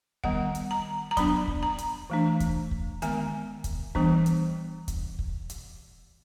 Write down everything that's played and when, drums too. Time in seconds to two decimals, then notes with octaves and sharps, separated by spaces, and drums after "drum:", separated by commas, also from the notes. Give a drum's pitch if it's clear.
0.24 D#3 G3 B3 F#5, drum: kick
0.55 drum: hi-hat
0.71 A#5
1.11 A#5
1.17 F#3 B3 D4 B5, drum: kick, hi-hat
1.47 drum: kick
1.63 A#5
1.78 drum: hi-hat
2.10 E3 A3 D4
2.40 drum: kick, hi-hat
2.71 drum: kick
3.02 D#3 G#3 B3 G#5, drum: hi-hat
3.64 drum: kick, hi-hat
3.95 E3 G3 B3 D4, drum: kick
4.26 drum: hi-hat
4.88 drum: kick, hi-hat
5.19 drum: kick
5.50 drum: hi-hat